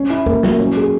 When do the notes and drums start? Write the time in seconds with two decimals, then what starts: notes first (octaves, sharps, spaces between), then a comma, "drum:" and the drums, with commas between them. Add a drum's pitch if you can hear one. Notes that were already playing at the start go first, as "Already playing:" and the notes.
Already playing: C#4
0.10 E4
0.26 A#3, drum: kick C#2
0.43 F#3, drum: snare
0.60 C#4
0.77 G#4